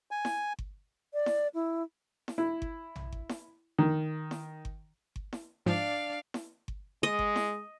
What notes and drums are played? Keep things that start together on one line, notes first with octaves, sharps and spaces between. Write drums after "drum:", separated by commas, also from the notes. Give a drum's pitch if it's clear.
G#5
drum: snare E4
drum: kick G1
D5
drum: snare E4
E4
drum: snare E4
E4
drum: kick G1
drum: tom A#1
drum: kick G1
drum: snare E4
D#3
drum: snare E4
drum: kick G1
drum: kick G1
drum: snare E4
G#2 F3 D4 D5 F5
drum: snare E4
drum: kick G1
G#3 D#5
drum: kick G1
drum: snare E4